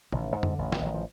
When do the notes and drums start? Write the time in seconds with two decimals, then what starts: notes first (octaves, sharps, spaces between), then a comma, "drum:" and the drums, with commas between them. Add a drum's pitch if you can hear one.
0.12 A1 D#3, drum: tom
0.36 G#2
0.43 D3, drum: tom F2
0.58 A1
0.72 D#3, drum: snare
0.81 A1 F#3
0.94 F3